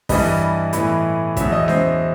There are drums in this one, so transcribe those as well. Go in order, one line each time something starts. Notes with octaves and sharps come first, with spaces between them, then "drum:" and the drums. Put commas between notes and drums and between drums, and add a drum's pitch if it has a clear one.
G2 E3 G3 B3 D#5, drum: kick, open hi-hat
A2 E3 B3, drum: hi-hat
E2 B2 F#3 E5, drum: kick, hi-hat
D#5
C5, drum: snare C#4